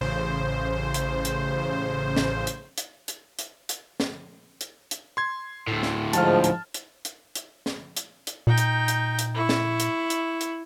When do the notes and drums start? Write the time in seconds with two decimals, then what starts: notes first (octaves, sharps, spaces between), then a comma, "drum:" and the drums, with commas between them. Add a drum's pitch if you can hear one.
0.01 A1 C#3 C5
0.94 drum: hi-hat
1.25 drum: hi-hat
2.16 drum: snare
2.47 drum: hi-hat
2.78 drum: hi-hat
3.08 drum: hi-hat
3.39 drum: hi-hat
3.69 drum: hi-hat
4.00 drum: snare
4.61 drum: hi-hat
4.91 drum: hi-hat
5.17 C6 G#6
5.67 D2 A2
5.83 drum: snare
6.13 G#2 F3 A5 F6, drum: hi-hat
6.44 drum: hi-hat
6.74 drum: hi-hat
7.05 drum: hi-hat
7.35 drum: hi-hat
7.66 drum: snare
7.97 drum: hi-hat
8.27 drum: hi-hat
8.47 A#2 D#4 G5
8.58 drum: hi-hat
8.88 drum: hi-hat
9.19 drum: hi-hat
9.34 E4 C#6
9.49 drum: snare
9.80 drum: hi-hat
10.10 drum: hi-hat
10.41 drum: hi-hat